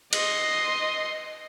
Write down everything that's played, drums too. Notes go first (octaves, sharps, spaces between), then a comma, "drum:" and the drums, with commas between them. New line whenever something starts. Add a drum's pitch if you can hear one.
D#5 C6, drum: cymbal